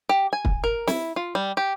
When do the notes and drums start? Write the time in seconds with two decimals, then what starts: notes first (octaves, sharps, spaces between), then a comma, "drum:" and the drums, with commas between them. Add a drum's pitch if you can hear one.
0.09 G4
0.33 G#5
0.45 drum: kick
0.64 A#4
0.88 E4, drum: snare
1.16 F4
1.35 G3
1.57 G4